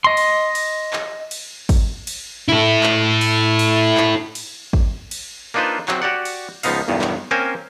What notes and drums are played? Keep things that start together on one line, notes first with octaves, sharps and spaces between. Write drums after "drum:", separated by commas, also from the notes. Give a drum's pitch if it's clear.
D#5 C6
drum: cymbal
drum: cymbal
drum: clap
drum: cymbal
drum: kick, cymbal
drum: cymbal
E4 A4
drum: clap
drum: cymbal
drum: cymbal
drum: clap
drum: cymbal
drum: kick
drum: cymbal
A#3 D4 D#4 F4 B4 C5
F#3 C4, drum: clap
F#4 G4 D5 F#5
drum: cymbal
C#2 F3 B3 D#4 F5, drum: cymbal
B1 E2 G2 D#3
drum: clap
A#3 C4 C#4 A#4 C5 G#5